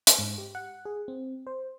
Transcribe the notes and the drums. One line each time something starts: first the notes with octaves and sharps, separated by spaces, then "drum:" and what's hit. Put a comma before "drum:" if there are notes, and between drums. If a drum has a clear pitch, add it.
drum: hi-hat
G#2
G4
F#5
G#4
C4
C5